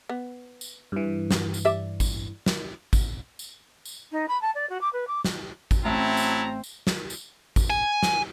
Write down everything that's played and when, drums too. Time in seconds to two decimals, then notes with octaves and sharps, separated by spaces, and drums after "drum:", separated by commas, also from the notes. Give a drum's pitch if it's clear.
0.09 B3
0.61 drum: tambourine
0.92 G2 E3
1.31 drum: snare
1.54 drum: tambourine
1.65 G4 D5 E5
2.00 drum: kick G#1, tambourine
2.46 drum: snare
2.93 drum: kick G#1, tambourine
3.39 drum: tambourine
3.85 drum: tambourine
4.12 D#4
4.28 B5
4.42 A5
4.55 D5
4.70 F#4
4.81 D6
4.93 B4
5.07 D6
5.24 drum: snare
5.71 drum: kick G#1, tambourine
5.85 A1 F#3 C4 E4 E5 A5 A#5 E6
6.17 drum: tambourine
6.64 drum: tambourine
6.87 drum: snare
7.10 drum: tambourine
7.56 drum: kick G#1, tambourine
7.70 G#5
8.03 drum: snare